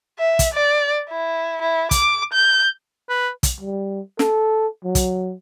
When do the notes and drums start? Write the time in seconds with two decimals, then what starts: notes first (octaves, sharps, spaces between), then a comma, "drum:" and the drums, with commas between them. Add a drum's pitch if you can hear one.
0.19 E5
0.39 drum: kick, hi-hat
0.53 D5
1.09 E4
1.61 E4
1.91 D6, drum: kick, hi-hat
2.33 G6
3.09 B4
3.43 drum: kick, hi-hat
3.61 G3
4.19 A4, drum: snare
4.85 F#3
4.95 drum: kick, hi-hat